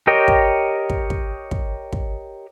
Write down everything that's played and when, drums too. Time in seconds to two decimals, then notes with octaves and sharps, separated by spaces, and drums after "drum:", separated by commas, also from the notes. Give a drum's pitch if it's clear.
0.07 G4 A#4 C#5 D#5 G5
0.28 drum: kick
0.90 drum: kick
1.10 drum: kick
1.51 drum: kick
1.93 drum: kick